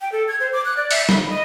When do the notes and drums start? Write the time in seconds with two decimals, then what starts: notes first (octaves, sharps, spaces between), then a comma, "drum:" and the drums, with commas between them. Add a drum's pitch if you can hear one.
0.01 G5
0.12 A4
0.28 G#6
0.40 C5
0.53 D6
0.65 F#6
0.77 D5
0.91 E5, drum: open hi-hat
1.09 B5, drum: snare
1.30 D#5